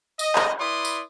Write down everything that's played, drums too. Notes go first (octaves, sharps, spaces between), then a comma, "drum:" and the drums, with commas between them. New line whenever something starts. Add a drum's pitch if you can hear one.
D#5, drum: tambourine
drum: clap
E4 B4 D5 C6 D#6
drum: tambourine